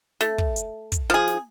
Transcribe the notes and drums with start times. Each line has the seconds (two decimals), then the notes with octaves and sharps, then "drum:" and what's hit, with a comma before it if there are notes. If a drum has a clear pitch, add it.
0.21 A3, drum: snare
0.38 drum: kick
0.56 drum: hi-hat
0.92 drum: kick, hi-hat
1.10 F3 G#4
1.28 drum: snare